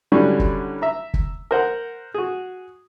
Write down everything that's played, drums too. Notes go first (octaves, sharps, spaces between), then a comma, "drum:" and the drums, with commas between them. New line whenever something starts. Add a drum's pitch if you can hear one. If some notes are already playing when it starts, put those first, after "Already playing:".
D3 F#3 G3 C#4 D4 E4
drum: kick
E5 A#5
drum: kick
A#4 C5 F#5
F#4 G#4